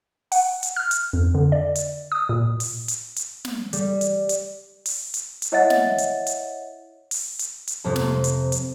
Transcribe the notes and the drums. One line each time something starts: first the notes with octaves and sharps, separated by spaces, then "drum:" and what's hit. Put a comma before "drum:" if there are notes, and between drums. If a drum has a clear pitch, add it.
F#5, drum: open hi-hat
drum: hi-hat
F6
drum: hi-hat
F2
D3
D5
drum: hi-hat
D#6
A#2
drum: open hi-hat
drum: hi-hat
drum: hi-hat
drum: snare
G3, drum: hi-hat
drum: hi-hat
drum: hi-hat
drum: open hi-hat
drum: hi-hat
drum: hi-hat
E4 C#5 D#5 E5 F#5 A6
drum: snare
drum: hi-hat
drum: hi-hat
drum: open hi-hat
drum: hi-hat
drum: hi-hat
F2 C3 C5
drum: snare
drum: hi-hat
drum: hi-hat